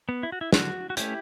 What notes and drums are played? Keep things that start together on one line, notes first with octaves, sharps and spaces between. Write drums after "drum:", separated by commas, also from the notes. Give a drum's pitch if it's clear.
B3
E4
F#4
E4
D3 F#4, drum: snare
F#4
A3 C#4 E4 G4, drum: hi-hat